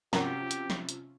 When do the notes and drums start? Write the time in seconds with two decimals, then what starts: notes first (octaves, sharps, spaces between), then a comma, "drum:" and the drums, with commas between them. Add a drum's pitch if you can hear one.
0.13 C3 F3 F#3 C#4 F4 G4 A#4 A#5, drum: snare
0.51 drum: hi-hat
0.70 drum: snare
0.89 drum: hi-hat